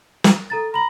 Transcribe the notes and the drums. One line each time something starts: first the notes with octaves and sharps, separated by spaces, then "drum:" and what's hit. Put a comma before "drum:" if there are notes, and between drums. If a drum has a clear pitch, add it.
drum: snare
A4 A#5 A6
A#5 B5 F#7